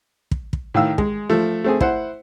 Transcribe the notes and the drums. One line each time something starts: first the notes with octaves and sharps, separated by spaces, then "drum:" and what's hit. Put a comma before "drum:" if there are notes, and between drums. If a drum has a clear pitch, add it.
drum: kick
drum: kick
A2 D#3 F5 E6
G#3, drum: kick
F3 A3
A3 C4 G#4
E4 C5 F#5, drum: kick